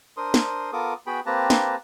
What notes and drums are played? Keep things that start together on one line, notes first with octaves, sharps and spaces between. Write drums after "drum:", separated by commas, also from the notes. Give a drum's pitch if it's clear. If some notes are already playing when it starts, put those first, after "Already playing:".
D4 A#4 C5 C6 D#6
drum: snare
B3 F4 A4 A#4 D6 D#6
B3 F#4 G#4 G5 B5
A#3 C4 G4 B4 A5 A#5
drum: snare